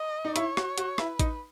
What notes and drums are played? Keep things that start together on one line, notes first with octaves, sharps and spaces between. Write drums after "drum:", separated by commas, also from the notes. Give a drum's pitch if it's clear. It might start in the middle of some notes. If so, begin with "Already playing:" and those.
Already playing: D#5
D#4
E4 C#5, drum: hi-hat
F#4, drum: rim click
F#4, drum: hi-hat
E4 B4, drum: rim click
D#4, drum: kick A1, hi-hat